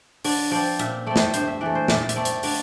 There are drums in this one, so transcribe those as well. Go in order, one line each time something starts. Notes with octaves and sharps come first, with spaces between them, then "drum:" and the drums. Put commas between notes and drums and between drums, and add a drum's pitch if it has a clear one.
D3 D5, drum: open hi-hat
F3 C4 D5
A#2 E5, drum: hi-hat
A3 C4 D5
drum: snare
G2 C5, drum: hi-hat
E5
E3 A3 D5
C5
A#2 D5, drum: snare
E5, drum: hi-hat
A3 C4 D5
drum: hi-hat
D3 D5, drum: open hi-hat